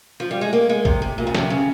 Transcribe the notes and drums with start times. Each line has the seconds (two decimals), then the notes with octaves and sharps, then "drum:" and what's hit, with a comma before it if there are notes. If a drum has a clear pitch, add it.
0.20 F3
0.31 G3
0.41 G#3
0.53 A#3
0.69 G#3
0.85 C3, drum: kick
1.02 C3
1.18 A#2
1.27 C#3
1.35 C3, drum: snare
1.50 C#3